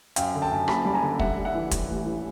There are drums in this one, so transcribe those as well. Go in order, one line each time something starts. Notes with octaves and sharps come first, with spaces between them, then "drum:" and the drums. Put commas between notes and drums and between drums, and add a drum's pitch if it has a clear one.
F#2 F5 G5, drum: hi-hat
D3
G5 A5
F#2
F#1 A5 B5, drum: rim click
G3
G#5 A#5
D3
G3 E5 F#5, drum: kick
G3
E5 F#5
E3
G3, drum: kick, hi-hat
A1
E3